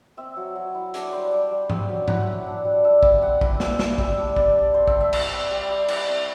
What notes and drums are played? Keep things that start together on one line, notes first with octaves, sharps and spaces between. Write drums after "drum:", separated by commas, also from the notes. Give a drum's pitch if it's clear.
C4 E5
F#3
F#3
E4
D4 D5, drum: hi-hat
G3 C5
G3 D5
G3
C4, drum: tom G#2
F#3
E4 F#5, drum: tom G#2
F#3
D4
G3
D4 E5
G3, drum: kick
C4 F#5
E4, drum: kick
C4 E5, drum: snare
E4, drum: snare
G3 E5, drum: kick
D4
G3 D5, drum: kick
D4
C4 C5
E5, drum: kick
G3
E5
E4 E5, drum: cymbal
C4
G3
G3
E4 D5, drum: cymbal
C4